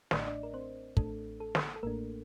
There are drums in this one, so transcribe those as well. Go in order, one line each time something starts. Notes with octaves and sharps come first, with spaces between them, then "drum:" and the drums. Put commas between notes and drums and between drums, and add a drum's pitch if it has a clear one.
A1 A2 A3 D4 D5, drum: snare
D#5
D4 D5
A#4
C4 C5
A1 A2 A3 D4 A4, drum: kick
A4
drum: snare
A4
A1 A2 A3 A#3 D4 A#4